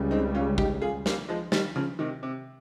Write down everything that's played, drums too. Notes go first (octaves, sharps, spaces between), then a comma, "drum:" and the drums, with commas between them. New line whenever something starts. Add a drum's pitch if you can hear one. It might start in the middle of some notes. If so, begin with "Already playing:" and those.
Already playing: C#2 C#3 G3
C4 D#4
C#4 F4
D#4 G4, drum: kick
F4 G#4
G3 A#3, drum: snare
F3 G#3
D#3 G3, drum: snare
C#3 F3
C3 D#3
C3